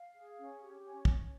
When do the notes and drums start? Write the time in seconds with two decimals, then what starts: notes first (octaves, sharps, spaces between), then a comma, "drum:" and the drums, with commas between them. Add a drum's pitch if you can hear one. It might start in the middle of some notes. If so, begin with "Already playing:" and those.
Already playing: F5
0.16 G#4
0.38 C#4
0.61 G4
0.83 C#4
1.05 C#5, drum: kick